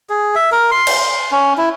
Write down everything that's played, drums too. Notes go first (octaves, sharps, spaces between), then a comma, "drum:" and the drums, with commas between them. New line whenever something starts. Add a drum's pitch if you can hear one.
G#4
E5
A#4
C6
drum: cymbal
C6
C#4
E4